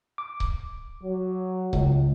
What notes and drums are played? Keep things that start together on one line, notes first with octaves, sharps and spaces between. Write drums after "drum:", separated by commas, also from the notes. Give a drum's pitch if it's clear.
D6
drum: kick C#1
F#3
C#2, drum: kick C#1